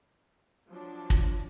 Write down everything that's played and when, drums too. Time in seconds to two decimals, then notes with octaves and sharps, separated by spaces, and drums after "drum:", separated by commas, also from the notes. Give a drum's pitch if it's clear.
0.68 F3 F#3 D4
1.10 drum: kick